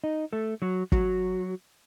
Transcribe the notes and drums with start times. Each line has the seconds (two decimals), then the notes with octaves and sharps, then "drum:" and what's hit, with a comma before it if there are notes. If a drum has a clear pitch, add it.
0.04 D#4 D#5
0.33 A3 A4
0.62 F#3 F#4
0.92 F#3 F#4, drum: kick